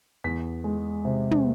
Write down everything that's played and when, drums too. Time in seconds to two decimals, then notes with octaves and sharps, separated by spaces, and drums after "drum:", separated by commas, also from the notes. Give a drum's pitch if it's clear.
0.24 E2 B6
0.64 G#3
1.05 C3
1.31 drum: tom